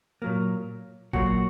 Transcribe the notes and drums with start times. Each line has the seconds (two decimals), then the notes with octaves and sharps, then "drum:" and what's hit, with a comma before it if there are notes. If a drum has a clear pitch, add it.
0.22 A#2 F#3 A#3
1.13 A#2 F#3 A#3 F#4, drum: kick G#1